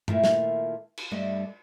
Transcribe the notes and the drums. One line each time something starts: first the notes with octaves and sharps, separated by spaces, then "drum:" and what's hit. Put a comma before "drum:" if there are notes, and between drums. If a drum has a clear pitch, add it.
A#2 D#3 A3 E4 F4 E5, drum: tom G2
drum: snare
drum: cymbal
G2 G3 A3 D#5